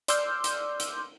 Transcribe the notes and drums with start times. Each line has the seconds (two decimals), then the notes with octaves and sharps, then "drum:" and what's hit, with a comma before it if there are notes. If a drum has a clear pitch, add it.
0.08 D5 C6 D6 E6 F6 G6, drum: hi-hat
0.44 drum: hi-hat
0.80 drum: hi-hat